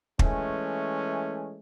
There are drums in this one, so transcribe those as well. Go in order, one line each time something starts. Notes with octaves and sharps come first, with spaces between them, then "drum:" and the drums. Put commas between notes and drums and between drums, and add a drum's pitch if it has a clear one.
E3 G#3 A3 C#4, drum: kick